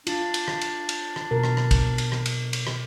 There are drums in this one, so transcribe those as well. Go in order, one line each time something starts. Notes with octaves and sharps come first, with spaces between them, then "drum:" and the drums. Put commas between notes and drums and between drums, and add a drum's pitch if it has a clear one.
D4 F4, drum: cymbal
drum: cymbal
drum: rim click
drum: cymbal
drum: cymbal
drum: rim click
B2 A#4
drum: rim click
drum: rim click
drum: kick, cymbal
drum: cymbal
drum: rim click
drum: cymbal
drum: cymbal
drum: rim click